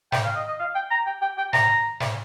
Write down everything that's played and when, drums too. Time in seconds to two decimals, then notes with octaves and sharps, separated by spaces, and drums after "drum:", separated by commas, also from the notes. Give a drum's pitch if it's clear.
0.12 G5, drum: snare
0.24 F5
0.36 D#5
0.48 D#5
0.60 F5
0.75 G5
0.91 A#5
1.06 G5
1.22 G5
1.38 G5
1.53 A#5, drum: snare
2.00 drum: snare